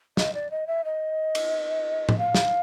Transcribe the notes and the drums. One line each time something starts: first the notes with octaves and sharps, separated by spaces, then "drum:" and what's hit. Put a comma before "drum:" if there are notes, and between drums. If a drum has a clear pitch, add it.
D#5, drum: snare
D5
D#5
E5
D#5
drum: cymbal
drum: tom A2
F5
drum: snare